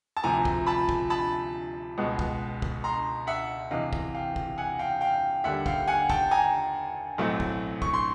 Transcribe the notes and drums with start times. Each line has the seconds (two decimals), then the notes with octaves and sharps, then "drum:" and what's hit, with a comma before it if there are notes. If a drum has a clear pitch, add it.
0.17 A5
0.24 D2 C3 F3 G#5 A#5
0.45 drum: kick
0.66 A5 B5
0.89 drum: kick
1.10 A5 B5
1.98 C#2 B2 G#3 B3
2.19 drum: kick
2.62 drum: kick
2.84 A#5 C6
3.27 E5 F#5
3.71 E2 C3 E3 D#5 F5
3.93 drum: kick
4.15 F5 G5
4.36 drum: kick
4.58 F#5 G#5
4.79 F5 G5
5.01 F5 G5
5.44 D#2 D3 G3 E5 F#5
5.66 F5 G5, drum: kick
5.87 F#5 G#5
6.10 G5 A5, drum: kick
6.31 G#5 A#5
7.18 B1 A2 F#3 A3 C4
7.40 drum: kick
7.82 C#6, drum: kick
7.94 C6